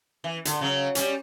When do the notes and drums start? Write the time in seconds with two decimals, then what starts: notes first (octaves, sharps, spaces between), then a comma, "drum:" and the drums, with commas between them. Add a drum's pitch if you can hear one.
0.24 E3
0.45 D3, drum: hi-hat
0.61 C#3 F#3
0.95 G3 C#4, drum: hi-hat